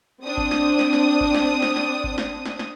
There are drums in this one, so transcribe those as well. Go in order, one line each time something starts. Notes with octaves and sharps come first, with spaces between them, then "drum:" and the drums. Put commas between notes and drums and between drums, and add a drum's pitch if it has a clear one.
C4 D4 D#6
drum: kick G#1
drum: snare
drum: snare
drum: snare
drum: kick G#1
drum: snare
drum: snare
drum: snare
drum: kick G#1
drum: snare
drum: snare
drum: snare